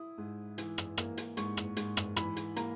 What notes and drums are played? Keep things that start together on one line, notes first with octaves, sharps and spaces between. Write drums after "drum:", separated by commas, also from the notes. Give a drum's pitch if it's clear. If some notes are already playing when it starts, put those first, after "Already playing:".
Already playing: E4 D#6
G#2
E3, drum: hi-hat
drum: rim click
A#3, drum: rim click
drum: hi-hat
G#2 C#6, drum: hi-hat
drum: rim click
G#2, drum: hi-hat
drum: rim click
E3 B5, drum: rim click
drum: hi-hat
A#3 A#5, drum: hi-hat